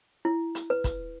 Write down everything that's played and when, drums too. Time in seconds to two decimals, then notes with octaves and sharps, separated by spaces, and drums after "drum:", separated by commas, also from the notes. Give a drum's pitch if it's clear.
0.25 E4
0.55 drum: hi-hat
0.70 B4
0.84 drum: kick, hi-hat